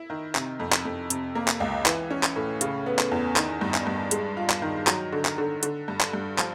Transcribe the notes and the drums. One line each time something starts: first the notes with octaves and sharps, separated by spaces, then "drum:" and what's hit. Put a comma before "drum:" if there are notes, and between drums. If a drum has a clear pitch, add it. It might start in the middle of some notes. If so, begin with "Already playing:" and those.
Already playing: E4
D#3
C3, drum: clap
F2
drum: clap
F2
C3, drum: hi-hat
A#3
drum: clap
C#2
E3, drum: clap
C#4
drum: clap
A2
C#3, drum: hi-hat
B3
drum: clap
E2
D#3, drum: clap
G2
drum: clap
G2
G#3, drum: hi-hat
F4
drum: clap
D#3
F#3, drum: clap
D3
drum: clap
D3
D3, drum: hi-hat
G2
drum: clap
G2
F3, drum: clap